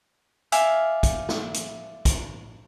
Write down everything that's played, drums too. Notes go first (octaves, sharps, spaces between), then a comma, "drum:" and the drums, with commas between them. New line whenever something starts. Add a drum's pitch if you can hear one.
D5 E5 F5 G#5, drum: hi-hat
drum: kick, hi-hat
drum: snare
drum: hi-hat
drum: kick, hi-hat